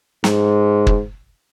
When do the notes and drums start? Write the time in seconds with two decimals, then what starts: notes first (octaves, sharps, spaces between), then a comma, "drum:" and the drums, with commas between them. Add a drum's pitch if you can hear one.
0.24 G#2, drum: snare
0.87 drum: kick